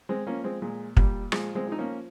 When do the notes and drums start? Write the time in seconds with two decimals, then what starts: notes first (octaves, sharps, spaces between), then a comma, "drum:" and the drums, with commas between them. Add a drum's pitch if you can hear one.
0.09 G#3 C4
0.27 F3 A#3 C#4
0.44 G#3 C4
0.62 A#2 G#3
0.97 A#2 G3, drum: kick
1.32 F3 G#3, drum: rim click
1.55 G#3 C4
1.67 F3 D#4
1.78 A#3 C#4